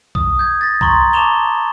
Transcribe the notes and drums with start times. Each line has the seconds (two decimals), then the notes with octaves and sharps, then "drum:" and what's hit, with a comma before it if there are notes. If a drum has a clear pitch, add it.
0.15 D#6, drum: kick B1
0.39 G6 G#6
0.61 A6 A#6
0.81 A#5 C6 C#6, drum: kick B1
1.13 A5 C#6 D6 E7 F7 G7